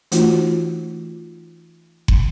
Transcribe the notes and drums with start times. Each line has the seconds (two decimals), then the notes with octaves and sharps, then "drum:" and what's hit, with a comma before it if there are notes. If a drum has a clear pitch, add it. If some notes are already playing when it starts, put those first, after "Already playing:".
0.12 E3 A3 D#4 F4 F#4, drum: hi-hat
2.08 drum: kick